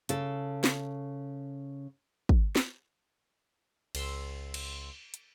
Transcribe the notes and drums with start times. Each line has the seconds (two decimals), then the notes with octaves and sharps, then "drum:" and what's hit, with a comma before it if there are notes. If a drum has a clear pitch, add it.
0.09 C#3 A4, drum: hi-hat
0.64 drum: snare
2.29 drum: kick
2.56 drum: snare
3.95 C#2 C6 E6, drum: cymbal
4.54 drum: cymbal
5.14 drum: hi-hat